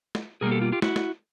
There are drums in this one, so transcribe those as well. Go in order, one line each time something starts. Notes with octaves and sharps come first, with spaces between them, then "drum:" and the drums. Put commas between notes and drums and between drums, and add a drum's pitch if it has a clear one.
drum: snare
B2 G3 A#3 G#4 A#4
G4 A4
F4 G4
F4 G4
E4 F#4, drum: snare
drum: snare